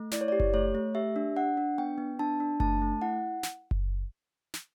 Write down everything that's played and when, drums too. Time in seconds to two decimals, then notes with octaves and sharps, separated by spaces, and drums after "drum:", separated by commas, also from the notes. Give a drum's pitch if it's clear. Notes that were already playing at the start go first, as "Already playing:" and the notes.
Already playing: A3
0.12 E4 D5, drum: snare
0.21 C#5
0.28 G4 D5
0.40 drum: kick F#1
0.54 A3 C#5
0.75 A3
0.95 G4 E5
1.16 D4
1.36 D4 F#5
1.57 D4
1.78 B3 G5
1.98 B3
2.19 D4 A5
2.40 D4
2.60 A3 A5, drum: kick F#1
2.82 A3
3.02 E4 F#5
3.43 drum: snare
3.71 drum: kick F#1
4.54 drum: snare